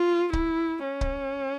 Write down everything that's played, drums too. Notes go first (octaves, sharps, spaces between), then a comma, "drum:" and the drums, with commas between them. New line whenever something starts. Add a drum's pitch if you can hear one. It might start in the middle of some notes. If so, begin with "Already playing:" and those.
Already playing: F4
E4, drum: kick C#1
C#4
drum: kick C#1